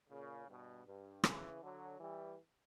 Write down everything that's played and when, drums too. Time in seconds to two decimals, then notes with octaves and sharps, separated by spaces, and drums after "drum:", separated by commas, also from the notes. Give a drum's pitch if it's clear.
0.10 A#2 C#3
0.48 G2 B2
0.87 G2
1.24 C#3 E3, drum: rim click
1.61 D3 F#3
1.99 E3 G3